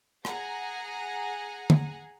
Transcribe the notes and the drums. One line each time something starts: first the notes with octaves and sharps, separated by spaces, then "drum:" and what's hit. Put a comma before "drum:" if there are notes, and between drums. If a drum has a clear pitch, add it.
G#4 F#5 G#5 A#5, drum: rim click
drum: tom